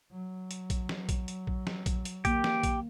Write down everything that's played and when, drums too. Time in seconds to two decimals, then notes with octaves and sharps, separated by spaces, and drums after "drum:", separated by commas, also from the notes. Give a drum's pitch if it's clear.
0.11 F#3
0.51 drum: hi-hat
0.70 drum: kick A#1, hi-hat
0.89 drum: snare
1.09 drum: kick A#1, hi-hat
1.28 drum: hi-hat
1.47 drum: kick A#1
1.67 drum: snare
1.86 drum: kick A#1, hi-hat
2.05 drum: hi-hat
2.25 D#3 A#3 G4, drum: kick A#1, hi-hat
2.44 drum: snare
2.63 drum: kick A#1, hi-hat